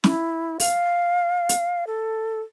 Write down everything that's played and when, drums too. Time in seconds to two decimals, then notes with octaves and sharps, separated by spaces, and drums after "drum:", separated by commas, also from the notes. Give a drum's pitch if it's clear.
0.04 E4, drum: snare
0.60 F5, drum: open hi-hat
1.49 drum: hi-hat
1.87 A4